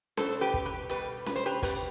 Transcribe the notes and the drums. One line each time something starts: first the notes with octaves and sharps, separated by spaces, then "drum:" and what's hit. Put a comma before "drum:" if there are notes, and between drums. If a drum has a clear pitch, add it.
B2 G3 A4 C5, drum: snare C#4
G4 B4
drum: kick
G4 B4
B2 G3 G4 B4, drum: hi-hat
B4, drum: snare C#4
C5
G4 B4
B2 G3 G4 B4, drum: kick, open hi-hat